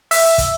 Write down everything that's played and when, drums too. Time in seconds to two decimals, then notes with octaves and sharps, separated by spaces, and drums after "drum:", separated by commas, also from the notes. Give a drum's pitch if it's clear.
0.11 E5, drum: open hi-hat
0.38 drum: kick, hi-hat